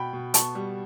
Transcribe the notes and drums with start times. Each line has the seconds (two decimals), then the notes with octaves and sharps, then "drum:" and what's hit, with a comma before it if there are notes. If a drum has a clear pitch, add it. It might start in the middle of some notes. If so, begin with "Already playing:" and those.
Already playing: B2 G5 B5
0.13 B2
0.34 B3 A5 C#6, drum: hi-hat
0.55 G3